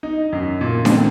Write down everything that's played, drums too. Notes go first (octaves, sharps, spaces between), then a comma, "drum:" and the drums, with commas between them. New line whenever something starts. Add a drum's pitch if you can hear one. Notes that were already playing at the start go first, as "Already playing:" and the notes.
D#4
F#2
A#2
C4, drum: snare D4